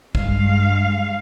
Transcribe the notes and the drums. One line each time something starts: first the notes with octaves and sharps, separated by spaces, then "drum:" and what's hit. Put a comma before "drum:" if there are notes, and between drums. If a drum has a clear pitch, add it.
G2 G#3 F5, drum: kick